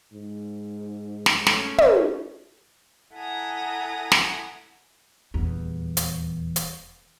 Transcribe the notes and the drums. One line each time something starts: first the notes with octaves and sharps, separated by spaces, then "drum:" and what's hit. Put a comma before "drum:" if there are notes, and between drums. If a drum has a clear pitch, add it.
G#2
drum: snare
A3 C#4, drum: snare
drum: tom
E4 A4 F#5 G#5 A#5 D#6
drum: snare
D#1 E2
drum: hi-hat
drum: hi-hat